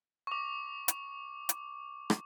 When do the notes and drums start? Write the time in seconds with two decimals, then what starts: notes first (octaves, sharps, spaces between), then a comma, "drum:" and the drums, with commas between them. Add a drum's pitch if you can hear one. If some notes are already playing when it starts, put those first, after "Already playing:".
0.27 C#6 D6
0.88 drum: hi-hat
1.49 drum: hi-hat
2.10 drum: rim click